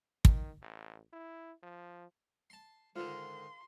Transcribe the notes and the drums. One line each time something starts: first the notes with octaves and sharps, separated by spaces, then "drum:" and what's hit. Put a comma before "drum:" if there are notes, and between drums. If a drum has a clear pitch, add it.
D#3, drum: kick
A1
E4
F3
A5 C6
G#2 D3 D#3 F4 C6